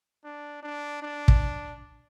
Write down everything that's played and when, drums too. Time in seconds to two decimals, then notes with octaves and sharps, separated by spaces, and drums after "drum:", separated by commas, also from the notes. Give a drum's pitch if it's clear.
0.24 D4
0.63 D4
1.02 D4
1.28 drum: kick